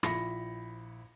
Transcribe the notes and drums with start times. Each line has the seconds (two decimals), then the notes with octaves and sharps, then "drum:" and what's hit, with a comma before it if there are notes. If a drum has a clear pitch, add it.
0.03 A#1 F3 E4 B5 A#6 C#7, drum: rim click